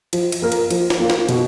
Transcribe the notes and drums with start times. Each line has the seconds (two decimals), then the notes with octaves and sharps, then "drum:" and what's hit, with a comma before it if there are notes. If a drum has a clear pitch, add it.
0.13 F3, drum: cymbal
0.32 drum: cymbal
0.42 A#3 F4 A#4
0.52 drum: cymbal
0.71 F3, drum: cymbal
0.90 drum: snare
1.00 A#3 F4 A#4
1.10 drum: snare
1.29 B2, drum: cymbal